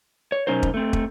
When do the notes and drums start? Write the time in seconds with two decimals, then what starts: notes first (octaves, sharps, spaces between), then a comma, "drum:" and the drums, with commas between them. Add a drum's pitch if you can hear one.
0.32 C#5
0.47 B2 F#3 C#4 D#4 A#4 C5
0.63 drum: kick
0.74 A3 C4
0.93 drum: kick